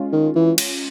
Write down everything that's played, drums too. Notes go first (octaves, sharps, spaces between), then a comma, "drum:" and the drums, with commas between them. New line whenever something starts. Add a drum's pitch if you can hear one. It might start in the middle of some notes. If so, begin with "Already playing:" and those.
Already playing: G#3 C#4 F4
D#3
E3
drum: cymbal